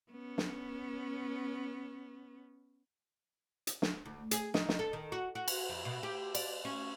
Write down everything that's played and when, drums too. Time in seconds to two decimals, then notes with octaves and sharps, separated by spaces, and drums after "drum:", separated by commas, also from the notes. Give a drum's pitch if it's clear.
0.11 B3 C#4
0.38 drum: snare
3.67 drum: hi-hat
3.82 drum: snare
4.05 D2
4.31 G#4, drum: hi-hat
4.54 D#4, drum: snare
4.69 drum: snare
4.79 A4
4.93 D#3
5.12 F#4
5.35 F#4
5.48 drum: cymbal
5.69 F2
5.85 B2
6.03 G4
6.35 D5, drum: cymbal
6.65 C#4